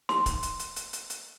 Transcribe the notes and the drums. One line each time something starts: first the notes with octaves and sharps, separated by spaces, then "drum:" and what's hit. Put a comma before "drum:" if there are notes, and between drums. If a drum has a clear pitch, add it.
C6, drum: snare
drum: kick, hi-hat
drum: hi-hat
drum: hi-hat
drum: hi-hat
drum: hi-hat
drum: hi-hat